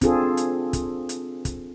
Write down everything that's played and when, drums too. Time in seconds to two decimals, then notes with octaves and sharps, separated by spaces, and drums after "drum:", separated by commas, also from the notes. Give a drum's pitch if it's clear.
0.01 C4 D4 F4 G#4 A4, drum: kick, hi-hat
0.37 drum: hi-hat
0.73 drum: kick, hi-hat
1.09 drum: hi-hat
1.45 drum: kick, hi-hat